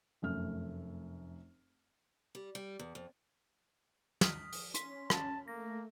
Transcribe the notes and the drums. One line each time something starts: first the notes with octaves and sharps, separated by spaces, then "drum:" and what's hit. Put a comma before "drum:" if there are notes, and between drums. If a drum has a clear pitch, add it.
F1 F#2 A3 F6
G3
G3
E2
F2
D#6 F6 B6, drum: snare
drum: open hi-hat
C#4 C6 B6, drum: hi-hat
A5, drum: rim click
A3 A#3 A#6